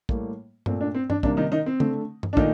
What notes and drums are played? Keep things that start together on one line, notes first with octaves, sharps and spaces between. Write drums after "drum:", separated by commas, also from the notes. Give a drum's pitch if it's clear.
A2 G3 A#3, drum: kick
A#2 A3 C4, drum: tom G2
D4
C4
D4, drum: tom G2
C3 D#3 G3 A#3 D4, drum: kick
D#3 D#4
D#3 D#4
C4
D3 A3, drum: tom C#3
drum: tom G2
D4
A#2 D#3 A3 D#4, drum: kick